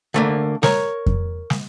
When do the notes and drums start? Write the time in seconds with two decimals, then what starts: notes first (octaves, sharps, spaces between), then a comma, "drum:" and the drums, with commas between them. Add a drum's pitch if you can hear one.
0.14 D3 A3 A#3
0.63 A#4 C#5, drum: snare
1.06 drum: kick F2
1.50 drum: snare